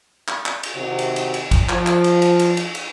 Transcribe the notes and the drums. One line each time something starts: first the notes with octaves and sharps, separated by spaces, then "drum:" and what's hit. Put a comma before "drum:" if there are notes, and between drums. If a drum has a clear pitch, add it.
drum: clap
drum: clap
drum: cymbal
C3 D#3 F#4
drum: cymbal
drum: cymbal
drum: cymbal
drum: kick, cymbal
F3, drum: clap
drum: clap
drum: cymbal
drum: cymbal
drum: cymbal
drum: cymbal
drum: cymbal